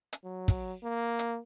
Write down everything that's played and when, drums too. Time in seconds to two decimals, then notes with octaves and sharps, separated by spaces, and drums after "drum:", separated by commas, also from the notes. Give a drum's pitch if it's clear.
0.13 drum: hi-hat
0.25 F#3
0.48 drum: kick, hi-hat
0.84 A#3
1.19 drum: hi-hat